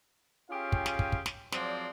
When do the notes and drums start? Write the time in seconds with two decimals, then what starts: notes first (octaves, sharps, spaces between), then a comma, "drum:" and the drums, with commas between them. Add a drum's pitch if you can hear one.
0.50 C#4 F4 G4 G#4 F5 G5
0.72 drum: kick
0.86 drum: snare
0.99 drum: kick
1.12 drum: kick
1.26 drum: snare
1.52 F3 F#3 G#3 C4 D5, drum: snare